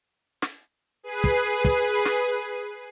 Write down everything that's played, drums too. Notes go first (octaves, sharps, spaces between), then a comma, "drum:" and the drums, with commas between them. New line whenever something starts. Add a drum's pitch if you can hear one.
drum: snare
G#4 B4 C7 D#7
drum: kick
drum: kick
drum: snare